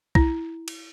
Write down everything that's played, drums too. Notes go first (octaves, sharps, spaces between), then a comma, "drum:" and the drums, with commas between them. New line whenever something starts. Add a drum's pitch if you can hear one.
E4, drum: kick
drum: cymbal